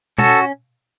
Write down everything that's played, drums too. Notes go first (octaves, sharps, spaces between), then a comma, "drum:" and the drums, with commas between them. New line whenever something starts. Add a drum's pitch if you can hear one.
C#4 F#4 A4, drum: tom B2